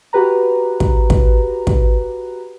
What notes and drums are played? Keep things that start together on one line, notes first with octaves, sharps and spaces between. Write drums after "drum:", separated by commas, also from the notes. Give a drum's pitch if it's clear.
F#4 G4 B4 A#5
drum: kick
drum: kick
drum: kick